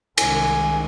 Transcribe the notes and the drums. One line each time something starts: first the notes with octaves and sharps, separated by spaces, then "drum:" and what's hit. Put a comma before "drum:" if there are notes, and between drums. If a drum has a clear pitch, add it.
C2 C3 D#3 G#3 G#5, drum: cymbal